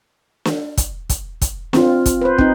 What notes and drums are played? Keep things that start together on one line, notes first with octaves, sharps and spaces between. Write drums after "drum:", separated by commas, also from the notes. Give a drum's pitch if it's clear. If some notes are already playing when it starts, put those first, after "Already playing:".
drum: snare
drum: kick, hi-hat
drum: kick, hi-hat
drum: kick, hi-hat
C4 F4, drum: snare
drum: kick, hi-hat
B4 C5
C4 D#4, drum: kick